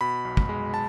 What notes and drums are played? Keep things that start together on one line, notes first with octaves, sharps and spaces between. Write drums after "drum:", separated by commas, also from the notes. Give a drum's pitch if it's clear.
B2 B5
B1
drum: kick
G#3
A5